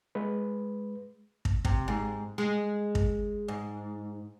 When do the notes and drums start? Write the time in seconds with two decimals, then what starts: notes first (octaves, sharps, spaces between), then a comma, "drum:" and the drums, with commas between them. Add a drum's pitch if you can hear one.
0.15 G#3 B4
1.45 drum: kick
1.65 C3, drum: kick
1.88 G#2
2.38 G#3
2.95 drum: kick
3.48 G#2